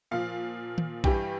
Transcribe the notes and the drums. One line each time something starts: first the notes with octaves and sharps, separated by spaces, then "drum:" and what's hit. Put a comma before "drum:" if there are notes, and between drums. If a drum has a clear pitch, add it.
A#2 F3 F5
drum: tom D#3
G2 E3 G3 G4, drum: kick A#1